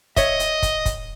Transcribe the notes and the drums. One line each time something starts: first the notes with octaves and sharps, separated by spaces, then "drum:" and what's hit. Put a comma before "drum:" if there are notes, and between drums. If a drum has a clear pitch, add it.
C#5 D#5 E5, drum: kick, hi-hat
drum: hi-hat
drum: kick, hi-hat
drum: kick, hi-hat